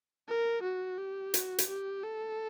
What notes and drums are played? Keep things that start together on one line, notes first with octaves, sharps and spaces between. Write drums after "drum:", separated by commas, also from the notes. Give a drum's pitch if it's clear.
A#4
F#4
G4
F#4, drum: hi-hat
drum: hi-hat
G4
A4